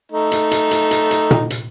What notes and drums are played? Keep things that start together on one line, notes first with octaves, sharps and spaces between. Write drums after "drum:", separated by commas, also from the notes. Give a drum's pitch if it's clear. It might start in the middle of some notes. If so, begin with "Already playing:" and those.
A3 D#4
drum: hi-hat
drum: hi-hat
drum: hi-hat
drum: hi-hat
drum: hi-hat
drum: tom A#2
drum: hi-hat